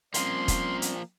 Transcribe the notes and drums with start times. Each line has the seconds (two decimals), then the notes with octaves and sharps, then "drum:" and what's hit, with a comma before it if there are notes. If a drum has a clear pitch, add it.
0.14 F3 G3 A#3 C4 C#4 C6, drum: hi-hat
0.48 drum: kick E1, hi-hat
0.82 drum: hi-hat